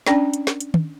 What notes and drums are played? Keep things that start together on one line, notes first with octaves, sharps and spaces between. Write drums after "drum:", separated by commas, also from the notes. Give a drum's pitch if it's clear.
C#4 D4 D5 G5, drum: snare
drum: hi-hat
drum: snare
drum: hi-hat
drum: tom